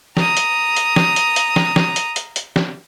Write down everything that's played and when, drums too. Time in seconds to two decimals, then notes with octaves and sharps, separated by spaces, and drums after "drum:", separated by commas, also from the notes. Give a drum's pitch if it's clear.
0.17 A#5 D#6, drum: snare
0.37 drum: hi-hat
0.76 drum: hi-hat
0.96 drum: snare
1.16 drum: hi-hat
1.36 drum: hi-hat
1.56 drum: snare
1.76 drum: snare
1.96 drum: hi-hat
2.16 drum: hi-hat
2.36 drum: hi-hat
2.56 drum: snare